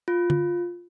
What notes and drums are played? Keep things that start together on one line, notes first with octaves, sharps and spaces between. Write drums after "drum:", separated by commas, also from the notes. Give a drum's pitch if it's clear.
F4
drum: tom D3